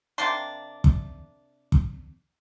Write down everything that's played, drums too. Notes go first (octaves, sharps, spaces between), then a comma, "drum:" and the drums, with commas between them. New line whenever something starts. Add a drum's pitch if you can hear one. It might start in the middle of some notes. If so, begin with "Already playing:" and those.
C3 A#3 D4 C6
drum: kick
drum: kick